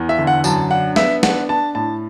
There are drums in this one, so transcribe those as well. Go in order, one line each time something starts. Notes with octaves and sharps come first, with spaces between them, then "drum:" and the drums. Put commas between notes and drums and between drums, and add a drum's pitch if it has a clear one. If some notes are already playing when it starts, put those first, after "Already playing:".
Already playing: E2
E5
D3
F#5
F#2 A5, drum: tambourine
D4 F#5
B3 E5, drum: snare
D4 F#5, drum: snare
D4 A5
A2 A5